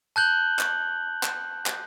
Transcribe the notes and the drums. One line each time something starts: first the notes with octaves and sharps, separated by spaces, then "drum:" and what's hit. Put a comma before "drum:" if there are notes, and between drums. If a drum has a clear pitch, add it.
A5 F#6 G6 F#7 G7
drum: clap
drum: clap
drum: clap